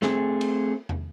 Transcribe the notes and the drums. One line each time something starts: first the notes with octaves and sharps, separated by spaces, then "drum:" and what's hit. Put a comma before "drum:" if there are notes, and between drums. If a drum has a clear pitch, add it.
A3 C4 G#4, drum: snare
drum: cymbal
drum: tom E2